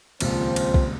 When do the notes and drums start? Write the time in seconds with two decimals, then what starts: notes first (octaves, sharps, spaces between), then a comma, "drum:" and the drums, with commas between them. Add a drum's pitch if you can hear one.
0.20 D#1 C#2 F3 C4 C5, drum: cymbal
0.56 drum: cymbal
0.74 drum: kick